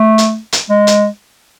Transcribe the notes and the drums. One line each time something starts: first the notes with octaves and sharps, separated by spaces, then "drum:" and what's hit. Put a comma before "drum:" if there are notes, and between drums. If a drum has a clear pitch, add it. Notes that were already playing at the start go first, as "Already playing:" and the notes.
Already playing: A3
drum: hi-hat
drum: hi-hat
G#3
drum: hi-hat